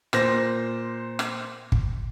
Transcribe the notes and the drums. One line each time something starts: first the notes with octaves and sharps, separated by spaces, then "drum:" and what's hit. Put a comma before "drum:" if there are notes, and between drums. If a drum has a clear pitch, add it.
A#2 C5 A#6, drum: rim click
drum: rim click
drum: kick